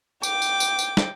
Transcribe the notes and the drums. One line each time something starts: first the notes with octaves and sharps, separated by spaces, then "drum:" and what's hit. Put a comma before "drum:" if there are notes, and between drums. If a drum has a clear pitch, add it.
G5 D6, drum: tambourine
drum: tambourine
drum: tambourine
drum: tambourine
drum: snare